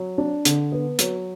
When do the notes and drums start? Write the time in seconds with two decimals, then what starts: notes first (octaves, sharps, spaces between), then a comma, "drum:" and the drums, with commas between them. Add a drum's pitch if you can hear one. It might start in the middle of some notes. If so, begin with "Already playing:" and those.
Already playing: F#3
0.18 D4
0.45 D3, drum: hi-hat
0.72 B3
0.99 F#3, drum: hi-hat